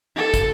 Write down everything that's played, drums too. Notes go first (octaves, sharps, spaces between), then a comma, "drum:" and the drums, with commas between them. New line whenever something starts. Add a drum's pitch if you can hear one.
A4
drum: kick, hi-hat